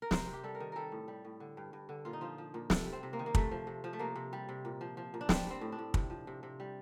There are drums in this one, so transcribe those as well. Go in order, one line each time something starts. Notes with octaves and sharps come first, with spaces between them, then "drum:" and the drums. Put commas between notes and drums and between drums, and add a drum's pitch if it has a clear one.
A#4
C3 C5, drum: snare
C3
G4
G3 A4
A#4
D#3
G3 A4 A#4
A2
G3
A2
D3
G2
G2
D3
A#2 F4
D#4
F3 F4
F3
A#2
C3 A4, drum: snare
G3
C4
C3
A#3
D#3
A#3
C3 A3, drum: kick
F3
C3
F3
A3
C3 A#3
C3
G3
C3
A#2
F3
F3
A#2
D4
G3 C4, drum: snare
G3 C4
A2
D4
A2
C3, drum: kick
F3
C3
C3
G3